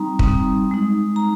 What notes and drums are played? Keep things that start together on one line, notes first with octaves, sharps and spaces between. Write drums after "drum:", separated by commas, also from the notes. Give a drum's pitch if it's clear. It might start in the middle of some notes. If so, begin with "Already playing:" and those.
Already playing: G3 C4 D#4 A#5
G3 C4 D#4, drum: kick
G#3 D#4
A#5